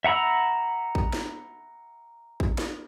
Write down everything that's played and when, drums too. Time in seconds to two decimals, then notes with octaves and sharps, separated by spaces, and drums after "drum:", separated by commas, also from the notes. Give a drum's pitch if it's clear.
0.04 E5 F#5 A#5 B5 E6
0.95 drum: kick
1.13 drum: snare
2.40 drum: kick
2.58 drum: snare